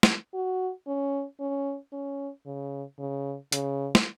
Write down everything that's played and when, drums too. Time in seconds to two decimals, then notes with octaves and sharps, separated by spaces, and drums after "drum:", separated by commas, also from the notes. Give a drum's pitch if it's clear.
0.03 drum: snare
0.34 F#4
0.87 C#4
1.40 C#4
1.92 C#4
2.46 C#3
2.98 C#3
3.52 C#3, drum: hi-hat
3.95 drum: snare